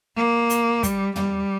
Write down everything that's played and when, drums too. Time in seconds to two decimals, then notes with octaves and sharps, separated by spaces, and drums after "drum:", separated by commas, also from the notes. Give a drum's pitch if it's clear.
0.16 A#3
0.50 drum: hi-hat
0.83 G3, drum: kick, hi-hat
1.16 G3, drum: tom